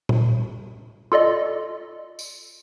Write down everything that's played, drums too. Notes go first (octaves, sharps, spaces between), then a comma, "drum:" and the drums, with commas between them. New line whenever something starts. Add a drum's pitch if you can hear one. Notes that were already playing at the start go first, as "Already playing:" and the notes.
drum: tom A#2
F4 A4 D5 D#5
drum: tambourine